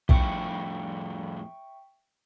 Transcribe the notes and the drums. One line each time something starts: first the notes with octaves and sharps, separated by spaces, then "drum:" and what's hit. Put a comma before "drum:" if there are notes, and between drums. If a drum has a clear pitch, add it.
F2 A2 E5 G5 C#6, drum: kick